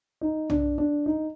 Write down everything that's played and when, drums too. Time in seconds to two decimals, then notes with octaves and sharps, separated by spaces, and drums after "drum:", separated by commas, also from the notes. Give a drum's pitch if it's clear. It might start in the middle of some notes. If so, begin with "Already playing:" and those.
0.21 D#4
0.50 D4, drum: tom
0.78 D4
1.06 D#4